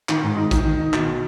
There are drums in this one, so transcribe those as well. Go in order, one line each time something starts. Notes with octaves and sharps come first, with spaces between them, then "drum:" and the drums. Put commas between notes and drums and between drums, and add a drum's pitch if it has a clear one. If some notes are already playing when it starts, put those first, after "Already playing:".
D#3, drum: clap
G#2
D#4
D#3, drum: kick, hi-hat
D#3
D#4
B2, drum: clap